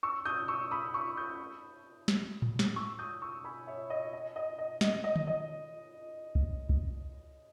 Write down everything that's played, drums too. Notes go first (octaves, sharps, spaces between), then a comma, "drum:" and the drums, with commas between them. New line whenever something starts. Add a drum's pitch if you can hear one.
C#6 E6
D#6 G6
C#6 E6
B5 D#6
C#6 E6
D#6 G6
drum: snare
drum: tom A2
drum: snare
C#6 E6
D#6 G6
C#6 E6
G#5 B5
C#5 E5
D#5
D#5
D#5
D#5
D#5, drum: snare
D#5
drum: tom
D#5
drum: kick C2
drum: kick C2